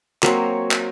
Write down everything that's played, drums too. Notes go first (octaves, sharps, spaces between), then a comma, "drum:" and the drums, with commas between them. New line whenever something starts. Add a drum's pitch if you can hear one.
F#3 A#3 C4 C#5, drum: clap
drum: clap